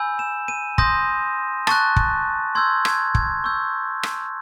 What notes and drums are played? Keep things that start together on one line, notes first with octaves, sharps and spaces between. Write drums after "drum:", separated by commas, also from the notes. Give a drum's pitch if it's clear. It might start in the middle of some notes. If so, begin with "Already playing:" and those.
Already playing: G#5 B5 E6 G6
E7
D#7
C6 D#6 G6 A#6, drum: kick
A5 C#6 F#6 A6, drum: rim click
drum: kick
C6 E6 G6 G#6
G#6, drum: rim click
G#6, drum: kick
C#6 E6 G6
drum: rim click